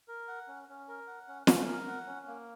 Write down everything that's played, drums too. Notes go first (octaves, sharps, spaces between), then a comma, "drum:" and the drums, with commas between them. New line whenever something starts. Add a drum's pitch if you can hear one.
A#4
F#5
C#4
C#4
A#4
F#5
C#4
C#4, drum: snare
A#4
F#5
C#4
A#3